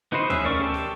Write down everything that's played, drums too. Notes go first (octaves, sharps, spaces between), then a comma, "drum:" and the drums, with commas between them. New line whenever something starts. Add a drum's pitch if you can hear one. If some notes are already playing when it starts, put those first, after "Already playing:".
B3 D#4 F#4 B4 C5
C#4 G#4 E5, drum: tom
A3 C#4 A#4 D5 C#6
G4 A4 A5
drum: snare